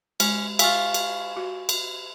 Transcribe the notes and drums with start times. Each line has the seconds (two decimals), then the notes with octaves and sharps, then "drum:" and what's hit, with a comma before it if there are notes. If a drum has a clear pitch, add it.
0.20 G#3 C#4, drum: cymbal
0.59 F4 E5 F5 G#5 C#6, drum: cymbal
0.94 drum: cymbal
1.37 F#4
1.69 drum: cymbal